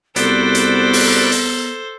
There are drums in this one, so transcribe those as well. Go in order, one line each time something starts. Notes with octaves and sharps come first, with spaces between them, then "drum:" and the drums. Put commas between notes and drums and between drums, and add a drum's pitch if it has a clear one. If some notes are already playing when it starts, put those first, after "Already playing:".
C2 B3 F#4 A4 C5 D5 B5, drum: hi-hat
drum: hi-hat
drum: open hi-hat
drum: hi-hat